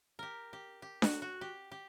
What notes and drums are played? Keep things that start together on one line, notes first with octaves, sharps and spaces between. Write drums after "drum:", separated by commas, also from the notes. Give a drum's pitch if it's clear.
G4 A#4
G4
G4
F#4, drum: snare D4
F#4
G4
G4